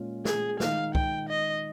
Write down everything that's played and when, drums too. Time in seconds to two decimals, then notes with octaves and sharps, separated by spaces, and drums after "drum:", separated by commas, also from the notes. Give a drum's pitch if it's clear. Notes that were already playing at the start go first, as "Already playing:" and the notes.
Already playing: A#2 G#3 C#4 F4
0.25 G#4, drum: snare
0.60 D#3 G#3 D#4 F5, drum: snare
0.95 G5, drum: kick
1.29 D#5